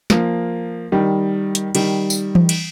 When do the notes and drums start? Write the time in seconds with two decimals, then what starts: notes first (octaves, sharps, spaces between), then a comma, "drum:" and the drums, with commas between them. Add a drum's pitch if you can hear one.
0.10 F3 A#3, drum: snare
0.92 D#3 G3
1.55 drum: hi-hat
1.75 D#3 G3, drum: cymbal
2.10 drum: tambourine
2.35 drum: tom E3
2.49 drum: cymbal